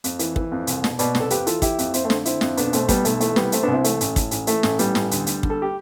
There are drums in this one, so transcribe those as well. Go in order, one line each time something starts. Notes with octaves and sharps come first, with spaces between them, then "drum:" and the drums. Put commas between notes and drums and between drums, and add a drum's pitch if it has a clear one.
F2, drum: hi-hat
E3, drum: hi-hat
E3, drum: kick
F2
C2, drum: hi-hat
B2, drum: snare
B2 B4 D5, drum: hi-hat
C2, drum: snare
A4
F2 G4 B4, drum: hi-hat
E3 F4 A4, drum: hi-hat
E3 E4 G4, drum: kick, hi-hat
F2, drum: hi-hat
F2 C4 E4, drum: hi-hat
A3 C4
D3, drum: snare
D3 C4 E4, drum: hi-hat
F2, drum: snare
B1 B3 D4, drum: hi-hat
B2 A3 C4, drum: hi-hat
B2 G3 B3, drum: kick, hi-hat
B1 A3, drum: hi-hat
E3 A3, drum: hi-hat
C2 G3 B3, drum: snare
C3 A3 C4, drum: hi-hat
C2 B3 D4
C4 E4
E3 A3, drum: hi-hat
A1, drum: hi-hat
A2, drum: kick, hi-hat
A1, drum: hi-hat
E3 A3, drum: hi-hat
A1, drum: snare
A2 G3 B3, drum: hi-hat
A1, drum: snare
D2, drum: hi-hat
D3, drum: hi-hat
D3, drum: kick
A4
G4